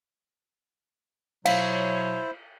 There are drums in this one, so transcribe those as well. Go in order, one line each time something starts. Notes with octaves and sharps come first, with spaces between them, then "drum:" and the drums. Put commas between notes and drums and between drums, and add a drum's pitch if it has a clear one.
B2 F#3 E4 C5 C#5 F5, drum: cymbal